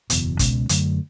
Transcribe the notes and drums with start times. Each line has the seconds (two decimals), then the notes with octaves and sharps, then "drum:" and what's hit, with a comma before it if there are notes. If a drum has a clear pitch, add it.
0.10 F#1 E2 B2, drum: hi-hat
0.39 C#2 B2 G#3 C#4, drum: kick, hi-hat
0.69 F#2 D3 F#3 A3, drum: hi-hat